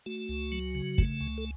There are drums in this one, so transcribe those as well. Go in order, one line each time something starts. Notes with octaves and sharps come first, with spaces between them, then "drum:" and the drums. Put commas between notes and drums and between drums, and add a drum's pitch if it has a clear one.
A3 F#4
C#2
F#3
C#3
A3, drum: kick
C#2
A4